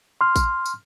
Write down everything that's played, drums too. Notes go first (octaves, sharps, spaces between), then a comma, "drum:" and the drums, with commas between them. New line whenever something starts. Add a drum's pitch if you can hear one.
C6 F6
drum: kick A#1, tambourine
drum: tambourine